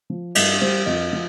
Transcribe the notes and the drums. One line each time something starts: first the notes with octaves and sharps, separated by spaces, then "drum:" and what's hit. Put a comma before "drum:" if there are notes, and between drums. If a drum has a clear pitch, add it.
F3
G2 D#5, drum: cymbal
G3 C5
F2 D#5
F3